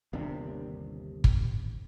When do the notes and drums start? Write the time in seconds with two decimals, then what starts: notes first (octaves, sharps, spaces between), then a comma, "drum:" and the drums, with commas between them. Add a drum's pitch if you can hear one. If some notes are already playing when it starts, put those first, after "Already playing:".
0.13 G1 D#2 C3 D4
1.24 drum: kick